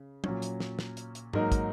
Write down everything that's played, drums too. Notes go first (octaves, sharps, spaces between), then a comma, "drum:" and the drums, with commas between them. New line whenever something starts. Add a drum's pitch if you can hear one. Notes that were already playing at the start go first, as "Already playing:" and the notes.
Already playing: C#3
A#2 F#3 C#4, drum: tom
drum: hi-hat
drum: snare
drum: snare
drum: hi-hat
drum: hi-hat
G#2 F#3 A#3 D#4 A#4, drum: tom G2
drum: kick, hi-hat